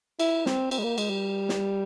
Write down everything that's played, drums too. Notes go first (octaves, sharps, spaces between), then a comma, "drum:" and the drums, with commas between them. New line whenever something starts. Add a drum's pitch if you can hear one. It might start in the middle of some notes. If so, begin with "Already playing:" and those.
E4, drum: cymbal
C4, drum: snare
C4, drum: cymbal
G#3
A#3
G#3, drum: cymbal
G3
drum: snare